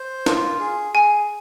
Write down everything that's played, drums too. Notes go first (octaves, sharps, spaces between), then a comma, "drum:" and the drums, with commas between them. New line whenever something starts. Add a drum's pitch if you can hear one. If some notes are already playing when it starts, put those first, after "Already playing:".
Already playing: C5
F4, drum: snare
G#4
G#4 G#5